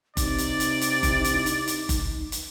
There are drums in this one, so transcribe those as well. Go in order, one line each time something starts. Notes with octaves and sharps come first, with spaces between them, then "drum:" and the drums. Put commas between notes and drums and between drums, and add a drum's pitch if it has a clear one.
C3 D#4 D5, drum: kick F#1, hi-hat
drum: hi-hat
drum: hi-hat
drum: hi-hat
drum: kick F#1, hi-hat
drum: hi-hat
drum: hi-hat
drum: hi-hat
drum: kick F#1, hi-hat
drum: hi-hat